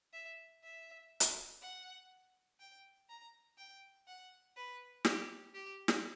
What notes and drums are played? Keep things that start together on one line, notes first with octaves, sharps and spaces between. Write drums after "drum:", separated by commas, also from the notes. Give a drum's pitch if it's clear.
E5
E5
drum: hi-hat
F#5
G5
A#5
G5
F#5
B4
G4, drum: snare
G4
drum: snare